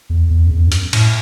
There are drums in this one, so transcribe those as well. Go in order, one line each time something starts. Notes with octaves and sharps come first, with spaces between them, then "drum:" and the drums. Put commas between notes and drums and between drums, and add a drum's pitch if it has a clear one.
E2
E2
F#2
E2
G2
F#2, drum: hi-hat
A2, drum: cymbal